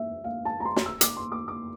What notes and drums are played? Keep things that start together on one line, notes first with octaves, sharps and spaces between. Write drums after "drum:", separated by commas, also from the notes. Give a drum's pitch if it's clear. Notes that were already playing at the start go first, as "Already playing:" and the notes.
Already playing: E5
F5
A5
A#5
C6
drum: snare
E6
D6, drum: hi-hat
C6
D6
D6